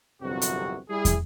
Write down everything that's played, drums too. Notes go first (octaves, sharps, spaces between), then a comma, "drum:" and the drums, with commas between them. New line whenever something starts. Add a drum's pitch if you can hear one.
G1 C2 F2 C3 F#3 F#4
drum: hi-hat
G3 E4 G#4
drum: kick, hi-hat